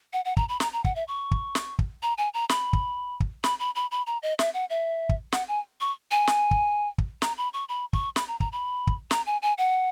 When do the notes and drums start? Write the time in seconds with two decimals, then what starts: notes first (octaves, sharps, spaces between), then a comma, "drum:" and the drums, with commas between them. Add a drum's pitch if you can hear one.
0.13 F#5
0.25 F#5
0.37 A#5, drum: kick
0.49 B5
0.60 A#5, drum: snare
0.73 A#5
0.84 F#5, drum: kick
0.96 E5
1.08 C#6
1.31 drum: kick
1.55 drum: snare
1.79 drum: kick
2.03 A#5
2.18 G#5
2.34 A#5
2.49 B5, drum: snare
2.73 drum: kick
3.20 drum: kick
3.44 B5, drum: snare
3.60 B5
3.75 B5
3.91 B5
4.07 A#5
4.23 D#5
4.39 E5, drum: snare
4.54 F#5
4.70 E5
5.09 drum: kick
5.32 F#5, drum: snare
5.48 G#5
5.81 C#6
6.11 G#5
6.27 drum: snare
6.51 drum: kick
6.98 drum: kick
7.22 A#5, drum: snare
7.38 B5
7.54 C#6
7.69 B5
7.93 C#6, drum: kick
8.16 B5, drum: snare
8.28 A#5
8.40 A#5, drum: kick
8.52 B5
8.87 drum: kick
9.11 A#5, drum: snare
9.26 G#5
9.42 G#5
9.58 F#5